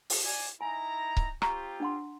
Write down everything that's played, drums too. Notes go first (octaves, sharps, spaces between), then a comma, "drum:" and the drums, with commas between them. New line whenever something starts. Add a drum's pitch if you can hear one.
drum: open hi-hat
D5 G#5
D#4 E4 G#5 A#5
drum: kick C#1
C4 F4 G4 A#5 C#6, drum: rim click
D4 F#5 C6